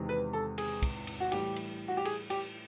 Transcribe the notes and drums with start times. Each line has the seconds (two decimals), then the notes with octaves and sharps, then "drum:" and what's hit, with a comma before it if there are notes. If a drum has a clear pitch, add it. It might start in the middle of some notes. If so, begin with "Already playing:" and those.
Already playing: E2 C3 D#3 G#3
0.09 B4
0.33 A4
0.58 G#4, drum: cymbal
0.82 drum: kick, cymbal
1.07 drum: cymbal
1.20 F#4
1.32 A2 E3 G3 G4, drum: cymbal
1.56 drum: cymbal
1.88 F#4
1.97 G4
2.05 G#4, drum: cymbal
2.30 G4, drum: cymbal